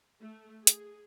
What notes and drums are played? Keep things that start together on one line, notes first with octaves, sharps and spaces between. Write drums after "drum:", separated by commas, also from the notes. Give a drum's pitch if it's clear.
A3
G#4, drum: hi-hat